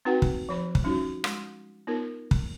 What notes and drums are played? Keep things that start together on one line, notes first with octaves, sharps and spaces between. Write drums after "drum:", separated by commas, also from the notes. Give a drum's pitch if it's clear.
C4 D#4 F#4 B4 F#5 G5
drum: kick
F3 F#3 C5 B5
drum: kick
G3 C#4 D#4 F4 F#4
G#3 C6, drum: rim click
B3 D#4 F4 A#4
drum: kick